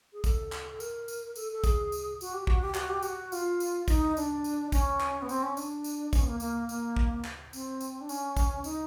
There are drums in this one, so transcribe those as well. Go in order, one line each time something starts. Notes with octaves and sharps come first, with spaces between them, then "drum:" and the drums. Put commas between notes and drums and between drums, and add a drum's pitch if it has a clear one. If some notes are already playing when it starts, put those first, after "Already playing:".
G#4
A4, drum: kick, tambourine
drum: clap
A4
A#4, drum: tambourine
drum: tambourine
A4, drum: tambourine
A4
G#4, drum: kick, tambourine
drum: tambourine
F#4, drum: tambourine
G4
F#4, drum: kick
G4
F#4, drum: clap
G4
F#4, drum: tambourine
F4, drum: tambourine
drum: tambourine
D#4, drum: kick, tambourine
D4, drum: tambourine
drum: tambourine
C#4, drum: kick, tambourine
drum: clap
B3
C4, drum: tambourine
C#4
D4, drum: tambourine
drum: tambourine
C#4, drum: kick, tambourine
B3
A#3
A#3, drum: tambourine
A#3, drum: tambourine
drum: kick
drum: clap
C4, drum: tambourine
drum: tambourine
D4
C#4, drum: tambourine
drum: kick, tambourine
D#4, drum: tambourine